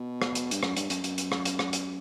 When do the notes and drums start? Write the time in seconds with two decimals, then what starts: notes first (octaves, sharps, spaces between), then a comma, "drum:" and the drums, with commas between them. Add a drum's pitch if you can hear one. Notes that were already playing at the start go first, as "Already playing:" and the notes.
Already playing: B2
0.22 drum: rim click
0.35 drum: hi-hat
0.51 G2, drum: hi-hat
0.63 F#2, drum: rim click
0.77 G2, drum: hi-hat
0.90 F#2, drum: hi-hat
1.04 F#2, drum: hi-hat
1.18 drum: hi-hat
1.32 drum: rim click
1.45 drum: hi-hat
1.59 drum: rim click
1.73 drum: hi-hat